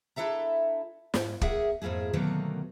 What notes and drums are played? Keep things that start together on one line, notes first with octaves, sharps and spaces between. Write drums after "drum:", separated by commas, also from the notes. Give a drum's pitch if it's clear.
D4 E4 A4 E5 A#5
G#2, drum: snare
A#3 G#4 E5 F#5, drum: kick
F2 G#2 A#3 E4 G#4
B2 D3 D#3 F#3 A3 A#3